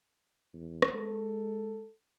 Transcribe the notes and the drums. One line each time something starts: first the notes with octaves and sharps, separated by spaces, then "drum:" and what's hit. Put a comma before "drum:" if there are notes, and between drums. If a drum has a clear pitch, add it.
E2
drum: rim click
G#3 A4